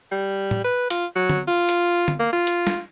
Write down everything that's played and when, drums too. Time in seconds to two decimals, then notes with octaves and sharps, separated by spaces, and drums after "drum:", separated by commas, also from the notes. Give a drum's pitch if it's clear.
0.12 G3
0.51 drum: tom A2
0.64 B4
0.90 F4, drum: hi-hat
1.16 F#3
1.30 drum: tom
1.48 F4
1.69 drum: hi-hat
2.08 drum: tom
2.19 A#3
2.32 F4
2.47 drum: hi-hat
2.67 drum: snare